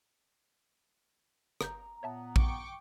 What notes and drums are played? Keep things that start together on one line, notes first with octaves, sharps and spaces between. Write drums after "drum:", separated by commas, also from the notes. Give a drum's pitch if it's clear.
G1 A#5 G6, drum: rim click
A#2 B3 C#5 E5 A5
B1 G5 C#6 D6, drum: kick A#1